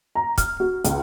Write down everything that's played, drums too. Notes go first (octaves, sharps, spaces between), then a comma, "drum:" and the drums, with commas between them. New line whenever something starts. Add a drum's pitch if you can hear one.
A#5
F6, drum: kick, hi-hat
F#4
C#2, drum: hi-hat